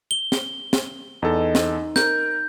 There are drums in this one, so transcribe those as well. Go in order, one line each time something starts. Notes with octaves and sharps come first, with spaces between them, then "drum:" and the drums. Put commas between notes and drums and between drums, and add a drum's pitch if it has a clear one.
G7
drum: snare
drum: snare
E2 D#4 A4 C6
drum: snare
A#4 G6, drum: snare